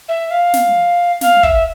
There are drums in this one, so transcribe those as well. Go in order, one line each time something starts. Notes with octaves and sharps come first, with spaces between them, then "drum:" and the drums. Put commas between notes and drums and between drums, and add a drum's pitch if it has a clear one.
E5
F5
drum: snare
F5, drum: snare
E5, drum: kick